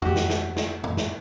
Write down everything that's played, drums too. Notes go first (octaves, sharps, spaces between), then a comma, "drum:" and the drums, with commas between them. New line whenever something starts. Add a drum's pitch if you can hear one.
F2 F3 F#4 G4, drum: tom F2
drum: snare
drum: snare
drum: snare
drum: tom F2
drum: snare